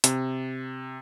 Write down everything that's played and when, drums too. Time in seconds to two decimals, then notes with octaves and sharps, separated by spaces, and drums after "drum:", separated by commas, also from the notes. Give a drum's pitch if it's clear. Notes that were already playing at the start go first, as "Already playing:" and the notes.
0.04 C3, drum: hi-hat